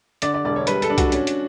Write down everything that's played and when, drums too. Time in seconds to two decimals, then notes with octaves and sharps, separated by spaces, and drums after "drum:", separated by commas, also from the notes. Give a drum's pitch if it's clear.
0.22 D3 D5, drum: hi-hat
0.34 D5
0.45 E1 D5
0.56 C#5
0.67 G3 B4, drum: hi-hat
0.82 A4, drum: hi-hat
0.90 D4
0.98 F#4, drum: kick, hi-hat
1.12 C#4, drum: hi-hat
1.27 drum: hi-hat